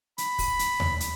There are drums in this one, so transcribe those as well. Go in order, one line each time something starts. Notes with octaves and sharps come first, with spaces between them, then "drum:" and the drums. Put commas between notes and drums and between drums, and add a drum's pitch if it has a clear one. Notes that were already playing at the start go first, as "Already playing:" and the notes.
B5, drum: hi-hat
drum: kick, open hi-hat
drum: hi-hat
drum: tom D#2
drum: hi-hat